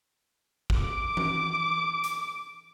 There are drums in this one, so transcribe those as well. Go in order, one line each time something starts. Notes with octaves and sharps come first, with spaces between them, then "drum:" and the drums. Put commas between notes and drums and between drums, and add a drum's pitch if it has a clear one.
drum: kick
D6 D7
drum: tom E3
drum: hi-hat